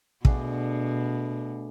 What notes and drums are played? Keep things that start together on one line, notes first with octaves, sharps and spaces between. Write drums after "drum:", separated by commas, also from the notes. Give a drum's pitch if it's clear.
B2 D3 A3 D4 G#4, drum: kick